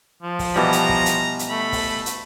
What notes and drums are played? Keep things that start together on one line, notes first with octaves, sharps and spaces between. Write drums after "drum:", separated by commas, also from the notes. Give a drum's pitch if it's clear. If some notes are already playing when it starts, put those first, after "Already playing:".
F3
drum: kick, open hi-hat
B2 E3 G3 A#5
drum: hi-hat
drum: kick
drum: hi-hat
drum: hi-hat
A3 B5
drum: kick, open hi-hat
drum: hi-hat